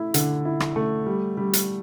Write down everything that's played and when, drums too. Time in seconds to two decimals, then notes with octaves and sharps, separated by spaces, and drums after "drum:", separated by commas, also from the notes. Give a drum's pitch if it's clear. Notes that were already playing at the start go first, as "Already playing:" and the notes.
Already playing: A3 E4
0.14 D3, drum: hi-hat
0.45 E4
0.60 drum: rim click
0.76 A3
1.06 G3
1.37 G3
1.53 drum: hi-hat